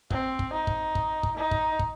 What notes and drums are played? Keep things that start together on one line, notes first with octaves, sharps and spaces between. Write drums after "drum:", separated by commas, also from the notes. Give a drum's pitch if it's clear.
C4, drum: kick
drum: kick
D#4
drum: kick
drum: kick
drum: kick
D#4
drum: kick
drum: kick